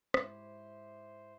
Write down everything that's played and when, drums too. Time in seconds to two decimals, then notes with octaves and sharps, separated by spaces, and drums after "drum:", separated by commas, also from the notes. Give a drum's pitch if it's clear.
0.14 G#2 E4 G4 C5 C#5, drum: rim click